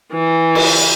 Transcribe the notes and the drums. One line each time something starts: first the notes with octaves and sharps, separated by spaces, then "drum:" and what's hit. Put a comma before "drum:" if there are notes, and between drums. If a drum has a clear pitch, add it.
E3
drum: cymbal